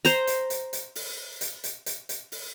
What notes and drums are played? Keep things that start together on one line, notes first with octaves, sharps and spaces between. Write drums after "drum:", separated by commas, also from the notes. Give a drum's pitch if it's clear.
C5 A#5, drum: hi-hat
drum: hi-hat
drum: hi-hat
drum: hi-hat
drum: open hi-hat
drum: hi-hat
drum: hi-hat
drum: hi-hat
drum: hi-hat
drum: open hi-hat